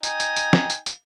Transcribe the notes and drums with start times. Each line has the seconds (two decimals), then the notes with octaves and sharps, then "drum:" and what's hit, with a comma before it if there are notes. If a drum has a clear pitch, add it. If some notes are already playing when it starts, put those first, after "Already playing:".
0.03 D#4 G5 G#5, drum: tambourine
0.20 drum: tambourine
0.36 drum: tambourine
0.53 drum: snare
0.70 drum: tambourine
0.86 drum: tambourine